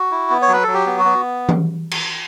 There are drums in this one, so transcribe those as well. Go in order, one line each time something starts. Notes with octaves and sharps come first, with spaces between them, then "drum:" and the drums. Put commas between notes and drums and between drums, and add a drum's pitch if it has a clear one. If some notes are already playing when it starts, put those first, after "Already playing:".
Already playing: F#4
E4
B3
C#5
F#3 B4
F#3 A4
G4
B3
F#4
B3
drum: tom E3
drum: cymbal